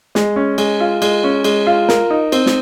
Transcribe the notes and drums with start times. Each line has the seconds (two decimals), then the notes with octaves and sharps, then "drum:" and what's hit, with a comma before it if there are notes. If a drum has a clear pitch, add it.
0.15 G#3, drum: snare
0.36 C#4
0.58 G#3, drum: cymbal
0.80 F4
1.02 G#3, drum: cymbal
1.24 C#4
1.44 G#3, drum: cymbal
1.67 F4
1.89 A#4, drum: snare
2.10 D#4
2.32 C4, drum: cymbal
2.46 drum: snare